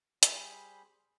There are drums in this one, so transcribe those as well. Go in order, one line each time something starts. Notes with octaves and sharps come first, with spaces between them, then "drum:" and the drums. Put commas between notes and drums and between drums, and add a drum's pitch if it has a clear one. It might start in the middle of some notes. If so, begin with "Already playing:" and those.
G3 G#4 C5 B5, drum: hi-hat